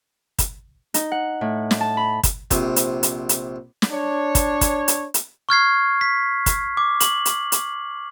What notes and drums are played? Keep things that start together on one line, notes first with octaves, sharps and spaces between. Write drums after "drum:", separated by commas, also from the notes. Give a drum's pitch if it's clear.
drum: kick, hi-hat
D#4, drum: hi-hat
F#5
A2
drum: snare
A5
B5
drum: kick, hi-hat
A#1 C3, drum: kick, hi-hat
drum: hi-hat
drum: hi-hat
drum: hi-hat
drum: snare
D4 C#5
drum: kick, hi-hat
drum: kick, hi-hat
drum: hi-hat
drum: hi-hat
C#6 F6 G#6 C7
B6
drum: kick, hi-hat
D6
F#7, drum: hi-hat
drum: hi-hat
drum: hi-hat